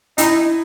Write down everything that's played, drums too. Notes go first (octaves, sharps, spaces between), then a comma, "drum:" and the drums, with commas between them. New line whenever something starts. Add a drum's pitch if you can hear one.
D#4 E4, drum: hi-hat